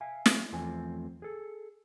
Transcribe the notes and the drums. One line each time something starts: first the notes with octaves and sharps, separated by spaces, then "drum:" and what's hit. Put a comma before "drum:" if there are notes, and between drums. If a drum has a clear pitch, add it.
E5 F5 G#5
drum: snare
E2 F3 A3 C4 G#5
G#4 A4